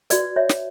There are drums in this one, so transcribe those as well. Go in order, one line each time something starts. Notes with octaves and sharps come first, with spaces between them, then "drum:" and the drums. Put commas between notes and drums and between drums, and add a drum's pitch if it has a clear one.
F#4 B4 D5, drum: hi-hat
C#5 E5
drum: snare